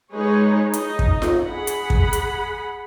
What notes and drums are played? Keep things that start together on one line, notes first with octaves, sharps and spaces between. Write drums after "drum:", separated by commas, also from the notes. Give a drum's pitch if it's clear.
G#3 D#4 G#4 B4 C#5
D#4 D#5, drum: hi-hat
drum: kick
drum: snare F4
G#4 F#5 B5
drum: hi-hat
drum: kick
drum: hi-hat